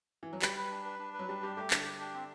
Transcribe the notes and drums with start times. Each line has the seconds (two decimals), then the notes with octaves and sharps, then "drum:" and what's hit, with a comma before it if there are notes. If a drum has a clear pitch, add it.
0.23 E3
0.33 F#3
0.42 G3 B4, drum: clap
0.57 B4
0.71 D4
0.85 B4
0.99 D4
1.13 B4
1.19 F#3
1.28 G3 D4
1.42 G3 G4
1.56 A3 G4
1.71 D3 D4, drum: clap
1.85 G4
2.00 D4
2.14 C4